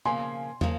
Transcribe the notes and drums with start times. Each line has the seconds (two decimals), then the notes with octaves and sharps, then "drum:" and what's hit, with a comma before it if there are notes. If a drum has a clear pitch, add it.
0.05 C#3 F3 A#3 G#5 C6
0.61 C#3 F3 A#3, drum: tom